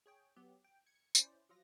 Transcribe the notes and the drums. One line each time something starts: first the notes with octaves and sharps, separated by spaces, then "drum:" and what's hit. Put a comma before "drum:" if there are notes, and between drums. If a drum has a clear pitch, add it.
G#4 C#5 G5
F#3 B3 G4
G5
G#6 C#7
C#4 E4 C5 D5, drum: tambourine
F3 F#3 F4 A#6